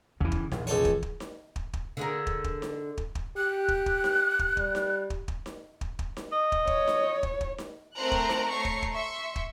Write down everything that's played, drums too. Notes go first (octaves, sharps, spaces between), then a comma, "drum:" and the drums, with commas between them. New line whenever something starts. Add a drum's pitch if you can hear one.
E2 C#3 E3
drum: kick
A#1, drum: snare D#4
C#2 A4 C#5
drum: kick
drum: kick
drum: snare D#4
drum: kick
drum: kick
D3 G#4 A#4
drum: kick
drum: kick
drum: snare D#4
drum: kick
drum: kick
G4 F#6
drum: kick
drum: kick
drum: snare D#4
drum: kick
G3, drum: kick
drum: snare D#4
drum: kick
drum: kick
drum: snare D#4
drum: kick
drum: kick
drum: snare D#4
D#5
drum: kick
C#5, drum: kick
drum: snare D#4
drum: kick
drum: kick
drum: snare D#4
A3 C4 A#4 C5 A#5 F#6
drum: kick
drum: snare D#4
A3 C#5 A#5 C#6 C7
drum: kick
drum: kick
E5 C6 C#6
drum: kick